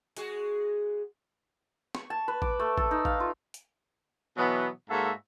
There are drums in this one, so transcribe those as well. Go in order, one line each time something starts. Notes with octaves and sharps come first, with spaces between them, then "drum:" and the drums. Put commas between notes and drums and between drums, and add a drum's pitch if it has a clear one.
G#3 F#4 G#4, drum: hi-hat
C#6, drum: snare
A5
B4
D6, drum: kick A1
A3
A4, drum: kick A1
D#4
F5, drum: kick A1
F4
drum: hi-hat
B2 E3 F#3 B3
G#2 A#3 F#4 A4 E5